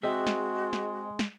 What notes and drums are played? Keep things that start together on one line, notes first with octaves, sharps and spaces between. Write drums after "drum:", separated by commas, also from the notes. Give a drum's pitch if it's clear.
G#3 C4 F#4 G#4 D#5 E5 G5
drum: snare
drum: snare
drum: snare